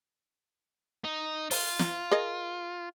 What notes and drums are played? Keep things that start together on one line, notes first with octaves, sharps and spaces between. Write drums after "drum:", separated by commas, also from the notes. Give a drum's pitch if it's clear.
D#4
F4, drum: open hi-hat
drum: snare
G#4 A#4 D#5